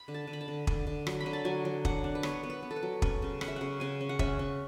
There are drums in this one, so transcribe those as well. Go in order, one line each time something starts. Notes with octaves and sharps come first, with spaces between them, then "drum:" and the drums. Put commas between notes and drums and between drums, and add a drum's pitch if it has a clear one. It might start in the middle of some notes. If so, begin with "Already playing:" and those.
Already playing: B5
D3
A5
D3
B5
A5
D3
D3, drum: kick
D3
F#3, drum: rim click
B5
D3
A5
F#3 G#5
F#3
D4 F#5, drum: kick
D4
B4
B3 C#5, drum: rim click
B3
B4
B3
A4
B4
F#3
C#4 B4, drum: kick
C#3
C#4 F#5, drum: rim click
E5
C#3 F#5
C#3 G#5
C#4
F#5
C#4 E5, drum: kick
C#4